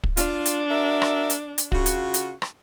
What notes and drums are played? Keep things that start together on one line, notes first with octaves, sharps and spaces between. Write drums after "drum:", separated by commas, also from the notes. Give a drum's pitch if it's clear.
drum: kick
D4 F4, drum: hi-hat
drum: hi-hat
F#4 A#4 E5
drum: rim click
drum: hi-hat
drum: hi-hat
C#3 F4 F#4, drum: kick
drum: hi-hat
drum: hi-hat
drum: rim click